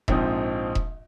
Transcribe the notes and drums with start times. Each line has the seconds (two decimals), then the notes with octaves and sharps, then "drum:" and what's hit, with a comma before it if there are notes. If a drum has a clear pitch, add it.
0.08 A#1 G#2 F3 C4 D#4, drum: kick E1
0.75 drum: kick E1